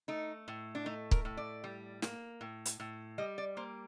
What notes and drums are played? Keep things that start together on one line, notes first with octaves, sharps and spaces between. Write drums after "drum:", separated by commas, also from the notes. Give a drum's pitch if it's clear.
A3 D#4
A2
D4
A3 D#4
A#4, drum: kick
A2
D5
G3
A#3, drum: snare
A2
drum: hi-hat
A2
G3 D#5
D5
A#3 C5